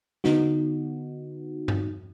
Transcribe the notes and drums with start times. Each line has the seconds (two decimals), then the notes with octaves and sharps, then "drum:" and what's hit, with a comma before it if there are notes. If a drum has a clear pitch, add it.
0.24 D3 B3 D#4 F#4, drum: snare
1.68 drum: tom G2